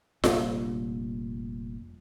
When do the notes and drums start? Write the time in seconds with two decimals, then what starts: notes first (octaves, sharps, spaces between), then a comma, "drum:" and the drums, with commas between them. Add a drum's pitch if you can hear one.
0.24 F1 A#2 G3 D4, drum: snare F4